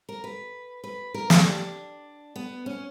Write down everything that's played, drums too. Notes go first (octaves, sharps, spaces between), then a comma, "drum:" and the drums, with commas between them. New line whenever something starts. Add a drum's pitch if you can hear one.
A#4
B4
B4
A#4
G4, drum: snare
D4
B3
C#4